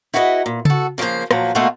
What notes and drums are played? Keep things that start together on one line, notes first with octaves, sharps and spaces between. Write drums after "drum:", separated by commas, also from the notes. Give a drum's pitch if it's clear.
E4 F#4 G#4 B4 C#5 D#5
A#2
F#4 A4, drum: tom C#3
C#3 F3 G#3 A#3 C5
A#2 F3 F#3 B4, drum: rim click
B2 A3 A#3 D#4 F4 F#4